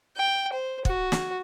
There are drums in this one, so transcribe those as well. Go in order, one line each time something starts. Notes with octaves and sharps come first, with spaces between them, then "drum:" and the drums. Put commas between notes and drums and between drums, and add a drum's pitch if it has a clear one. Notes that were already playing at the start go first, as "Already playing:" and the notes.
G5
C5
F#4, drum: kick
drum: snare